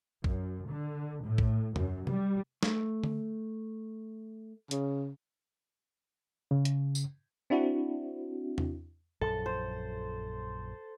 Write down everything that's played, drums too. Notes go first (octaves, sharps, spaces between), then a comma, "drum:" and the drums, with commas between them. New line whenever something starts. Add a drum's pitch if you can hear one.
F#2, drum: kick
D3
A2
drum: kick
F#2, drum: tom E2
G3, drum: tom C3
A3, drum: snare
drum: tom D3
C#3, drum: hi-hat
C#3
drum: hi-hat
drum: tambourine
C4 D4 E4 F#4
drum: tom E2
A#1 F#2 F3 A4
C5